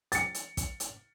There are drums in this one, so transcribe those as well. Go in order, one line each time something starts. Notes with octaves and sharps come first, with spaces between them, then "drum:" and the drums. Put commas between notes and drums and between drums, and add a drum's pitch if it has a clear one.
A6 C#7, drum: hi-hat
drum: hi-hat
drum: kick, hi-hat
drum: hi-hat